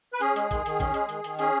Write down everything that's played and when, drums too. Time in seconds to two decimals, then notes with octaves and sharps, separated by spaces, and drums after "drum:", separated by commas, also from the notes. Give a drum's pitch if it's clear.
0.13 B4
0.21 C#4 G#4, drum: hi-hat
0.36 G#3, drum: hi-hat
0.51 D#3, drum: kick, hi-hat
0.66 D#3, drum: hi-hat
0.80 C#4, drum: kick, hi-hat
0.94 G#3, drum: hi-hat
1.09 D#3, drum: hi-hat
1.24 D#3, drum: hi-hat
1.39 C#4 G#4, drum: hi-hat